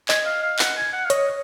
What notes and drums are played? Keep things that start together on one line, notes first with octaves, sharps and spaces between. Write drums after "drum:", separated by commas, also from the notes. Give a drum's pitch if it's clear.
D#5 G#5, drum: clap
F5
F5
F#5, drum: clap
G#5
F#5
F5
C#5 D#5, drum: hi-hat